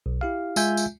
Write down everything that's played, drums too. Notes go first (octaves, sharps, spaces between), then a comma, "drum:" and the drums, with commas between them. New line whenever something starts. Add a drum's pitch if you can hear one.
B1
E4 G4 F5
G#3 F4 E5 G#5 G6, drum: tambourine
drum: tambourine